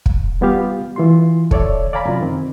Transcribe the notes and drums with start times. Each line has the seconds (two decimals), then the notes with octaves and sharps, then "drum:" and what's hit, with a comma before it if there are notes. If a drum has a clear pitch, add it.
0.06 drum: kick
0.41 G3 B3 F4 G4 F5
0.96 E3 F4 C6
1.51 A4 C#5 D5 E5, drum: kick
1.93 D5 F5 G#5 A#5 B5
2.06 F#2 C3 F4
2.21 D#3 C4